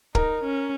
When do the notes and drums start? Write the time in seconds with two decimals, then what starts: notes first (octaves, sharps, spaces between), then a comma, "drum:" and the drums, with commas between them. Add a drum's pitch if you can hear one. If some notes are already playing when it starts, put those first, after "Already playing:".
0.15 D#4 A#4, drum: kick
0.43 C#4